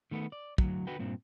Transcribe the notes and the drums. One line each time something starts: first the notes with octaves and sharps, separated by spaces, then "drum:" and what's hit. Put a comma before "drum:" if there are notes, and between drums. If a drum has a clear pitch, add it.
D#3 A3 B3
D5
D2 F#3, drum: kick
D3 F#4 B4 G5
G2 A#2 C4